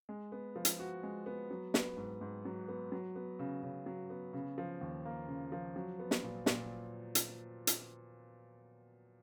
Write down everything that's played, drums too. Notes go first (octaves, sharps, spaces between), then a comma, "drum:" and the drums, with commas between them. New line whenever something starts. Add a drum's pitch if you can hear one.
G#3
B3
F3
drum: hi-hat
F#4
G#3
B3
F#3
B3, drum: snare
G#2
G#2
F#3
B3
F#3
B3
C#3
C#3
F#3
B3
C#3
F3
D#2
A#3
C#3
F3
F#3
B3
drum: snare
A#2
A#2, drum: snare
drum: hi-hat
drum: hi-hat